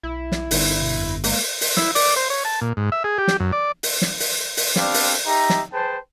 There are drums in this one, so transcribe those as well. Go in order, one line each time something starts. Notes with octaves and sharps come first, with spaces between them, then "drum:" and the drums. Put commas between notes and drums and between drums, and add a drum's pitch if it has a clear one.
B1 E4
drum: snare
G1 D#4, drum: open hi-hat
B2
F2
G#3 A#3, drum: open hi-hat
drum: open hi-hat
E4, drum: snare
D5, drum: open hi-hat
C5
C#5
A5
A#2
G#2
E5
G#4
G4
drum: snare
F#2
D5
drum: open hi-hat
drum: snare
drum: open hi-hat
drum: open hi-hat
B3 C4 D4 G4 D5 F5, drum: snare
drum: open hi-hat
D#4 G4 E5 A#5
drum: snare
G#4 B4 C5 G5 A5